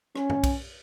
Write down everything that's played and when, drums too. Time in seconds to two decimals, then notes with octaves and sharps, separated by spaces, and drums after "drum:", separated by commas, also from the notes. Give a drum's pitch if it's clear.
0.16 C#4, drum: rim click
0.30 drum: tom F#2
0.44 drum: kick B1, cymbal